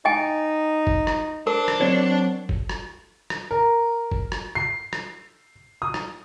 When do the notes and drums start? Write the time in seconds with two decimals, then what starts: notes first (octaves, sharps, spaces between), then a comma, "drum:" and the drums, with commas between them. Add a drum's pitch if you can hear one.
0.05 D#4 D#5 G5 G#5
0.87 drum: kick F#1
1.07 drum: rim click
1.47 D4 A#4 C5
1.68 drum: rim click
1.81 F#3 C4 C#5
2.49 drum: kick F#1
2.69 drum: rim click
3.30 drum: rim click
3.51 A#4
4.12 drum: kick F#1
4.32 drum: rim click
4.55 C7
4.93 drum: rim click
5.82 D#6
5.94 drum: rim click